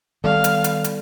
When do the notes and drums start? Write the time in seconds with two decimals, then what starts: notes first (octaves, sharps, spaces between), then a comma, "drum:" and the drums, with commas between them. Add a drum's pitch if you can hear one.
0.24 D#3 G3 B3 A4 D5 F5
0.44 drum: hi-hat
0.64 drum: hi-hat
0.84 drum: hi-hat